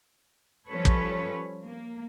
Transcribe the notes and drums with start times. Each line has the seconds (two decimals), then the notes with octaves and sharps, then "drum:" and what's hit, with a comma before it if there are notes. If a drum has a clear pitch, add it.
0.68 F3 G3 C#4 A4 B4 C#5
0.85 drum: kick
1.64 A#3